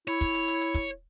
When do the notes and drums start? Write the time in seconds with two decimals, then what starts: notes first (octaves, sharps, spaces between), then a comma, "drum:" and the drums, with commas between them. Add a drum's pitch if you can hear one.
0.08 E4 C#5, drum: hi-hat
0.21 drum: kick, hi-hat
0.34 drum: hi-hat
0.48 drum: hi-hat
0.61 drum: hi-hat
0.74 drum: kick, hi-hat